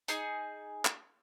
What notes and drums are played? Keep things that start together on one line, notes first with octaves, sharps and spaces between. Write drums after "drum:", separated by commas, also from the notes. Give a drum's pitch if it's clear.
D#4 G#4, drum: hi-hat
drum: clap